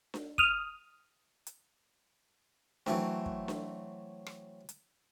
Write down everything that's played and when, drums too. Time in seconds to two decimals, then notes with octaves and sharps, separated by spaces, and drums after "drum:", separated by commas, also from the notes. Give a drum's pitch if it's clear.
0.14 drum: snare D4
0.38 D#6 F6, drum: kick
1.47 drum: hi-hat
2.86 E3 F#3 A3 C4, drum: snare D4
3.26 drum: kick
3.48 drum: snare D4
4.26 drum: rim click
4.69 drum: hi-hat